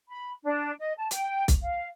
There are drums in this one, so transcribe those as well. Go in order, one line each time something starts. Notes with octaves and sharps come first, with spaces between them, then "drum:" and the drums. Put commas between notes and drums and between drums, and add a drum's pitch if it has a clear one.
B5
D4
D#5
A5
G5, drum: hi-hat
drum: kick B1, hi-hat
F5